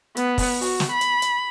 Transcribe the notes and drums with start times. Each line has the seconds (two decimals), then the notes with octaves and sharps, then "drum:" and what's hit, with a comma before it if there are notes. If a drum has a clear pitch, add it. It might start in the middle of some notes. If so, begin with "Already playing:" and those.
0.17 B3, drum: hi-hat
0.38 drum: kick, open hi-hat
0.61 F#4, drum: open hi-hat
0.80 drum: snare
0.92 B5
1.01 drum: hi-hat
1.22 drum: hi-hat